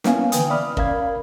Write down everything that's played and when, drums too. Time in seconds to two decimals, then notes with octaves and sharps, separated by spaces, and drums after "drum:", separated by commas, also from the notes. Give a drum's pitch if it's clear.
0.04 A#3 B3 C#4 E4 F5 G#5, drum: snare
0.32 D3 E3 B4 G5 G#5 D#6, drum: hi-hat
0.50 D5 E5 B5 D#6 F6
0.77 C#4 A#4 D5 F5 B5 G#6, drum: kick